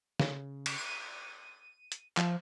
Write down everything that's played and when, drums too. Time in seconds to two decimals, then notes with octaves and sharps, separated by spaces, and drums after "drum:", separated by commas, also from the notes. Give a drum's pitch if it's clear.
0.20 C#3, drum: snare
0.66 drum: cymbal
0.78 D#7
1.92 drum: hi-hat
2.17 F3, drum: clap